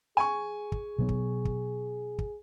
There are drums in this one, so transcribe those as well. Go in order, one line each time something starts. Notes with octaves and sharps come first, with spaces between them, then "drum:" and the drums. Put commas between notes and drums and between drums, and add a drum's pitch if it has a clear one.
G#4 G#5 C#6
drum: kick
B2 F#3 B3
drum: kick
drum: kick
drum: kick